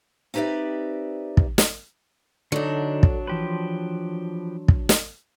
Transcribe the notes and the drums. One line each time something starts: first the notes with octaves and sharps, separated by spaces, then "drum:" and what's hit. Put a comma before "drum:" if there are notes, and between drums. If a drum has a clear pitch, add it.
C4 D#4 G4 B4 D5 E5
drum: kick
drum: snare
D3 F#3 D4 D#4 F#4 A4 D5
drum: kick
E3 F3 G4 B4 C6
drum: kick
drum: snare